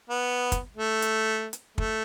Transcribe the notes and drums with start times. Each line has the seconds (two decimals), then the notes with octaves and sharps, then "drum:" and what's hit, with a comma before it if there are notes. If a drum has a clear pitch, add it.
0.10 B3
0.52 drum: kick, hi-hat
0.77 A3
1.02 drum: hi-hat
1.53 drum: hi-hat
1.78 A3, drum: kick